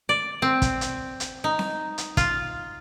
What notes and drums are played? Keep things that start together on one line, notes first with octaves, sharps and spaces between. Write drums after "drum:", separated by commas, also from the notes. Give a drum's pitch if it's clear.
D5
C4
drum: kick, hi-hat
drum: hi-hat
drum: hi-hat
D#4
drum: snare C4
drum: hi-hat
F4, drum: kick, hi-hat